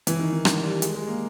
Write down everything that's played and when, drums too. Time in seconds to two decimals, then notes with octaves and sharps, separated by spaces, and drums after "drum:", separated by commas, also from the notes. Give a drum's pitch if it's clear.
0.07 E3, drum: hi-hat
0.19 D#3
0.32 D#3
0.45 drum: rim click
0.63 G3
0.82 G#3, drum: hi-hat
0.94 G#3
1.07 A#3